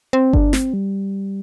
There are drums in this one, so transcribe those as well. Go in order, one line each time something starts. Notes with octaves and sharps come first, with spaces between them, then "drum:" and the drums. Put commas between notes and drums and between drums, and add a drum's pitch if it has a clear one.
C4
D4, drum: kick G1
C4, drum: snare
G3